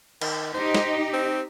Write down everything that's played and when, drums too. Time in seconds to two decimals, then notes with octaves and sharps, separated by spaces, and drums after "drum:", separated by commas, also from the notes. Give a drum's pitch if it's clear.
0.21 D#3, drum: cymbal
0.54 D#4 G4 C5
0.75 drum: snare
1.13 C4